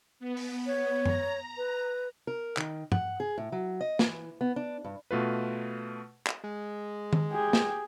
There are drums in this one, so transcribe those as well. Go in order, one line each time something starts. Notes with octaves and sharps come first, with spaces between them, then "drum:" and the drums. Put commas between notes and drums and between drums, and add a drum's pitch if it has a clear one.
B3
drum: open hi-hat
C#5
A#5, drum: tom F#2
B4
A#4
D#3, drum: clap
F#5, drum: tom
G#4
A2
F#3
D#5
E3, drum: snare
B3
D4
G2
B2 A3 F4 B4
drum: clap
G#3
drum: tom D#3
G4 G#4
drum: snare